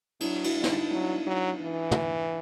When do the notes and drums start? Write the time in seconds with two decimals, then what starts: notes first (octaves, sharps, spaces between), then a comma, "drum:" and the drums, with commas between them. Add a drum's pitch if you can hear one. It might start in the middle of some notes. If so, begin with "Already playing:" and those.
0.20 F#3 D4 E4, drum: cymbal
0.44 E4 F#4, drum: cymbal
0.56 G3
0.64 D#4, drum: snare
0.67 D4 E4
0.91 F#3 D4 E4
1.27 F#3
1.62 E3
1.91 drum: tom